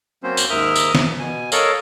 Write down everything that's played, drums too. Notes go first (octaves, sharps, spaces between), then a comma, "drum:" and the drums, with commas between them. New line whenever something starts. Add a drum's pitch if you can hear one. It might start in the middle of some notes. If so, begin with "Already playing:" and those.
F#3 A#3 C4 C#4 C5
drum: tambourine
D#2 G#2 A#4 E5 D#6 F6
drum: tambourine
drum: snare
B2 G#5
A4 A#4 C#5 D#5 F5, drum: tambourine